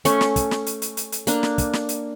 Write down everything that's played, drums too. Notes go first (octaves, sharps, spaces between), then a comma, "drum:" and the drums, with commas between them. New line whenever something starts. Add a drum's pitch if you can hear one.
A3 C#4, drum: hi-hat
drum: snare
drum: kick, hi-hat
drum: snare
drum: hi-hat
drum: hi-hat
drum: hi-hat
drum: hi-hat
A#3 D4, drum: hi-hat
drum: snare
drum: kick, hi-hat
drum: snare
drum: hi-hat